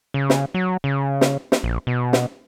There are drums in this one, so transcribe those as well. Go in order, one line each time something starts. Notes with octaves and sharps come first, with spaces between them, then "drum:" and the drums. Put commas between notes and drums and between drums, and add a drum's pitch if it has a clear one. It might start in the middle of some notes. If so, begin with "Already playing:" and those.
C#3
drum: snare
F#3
C#3
drum: snare
drum: snare
A#1
B2
drum: snare